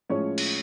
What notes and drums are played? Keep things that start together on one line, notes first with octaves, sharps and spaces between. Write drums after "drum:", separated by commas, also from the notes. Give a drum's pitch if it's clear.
A2 F3 G#3 C#4 C#5
drum: cymbal